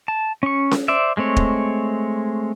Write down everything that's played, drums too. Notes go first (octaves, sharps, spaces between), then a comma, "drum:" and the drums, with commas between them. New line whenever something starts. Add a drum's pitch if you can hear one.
A5
C#4 C#6
drum: snare C#4
C5 D5 E5
G#3 A3 C4 C#5
drum: kick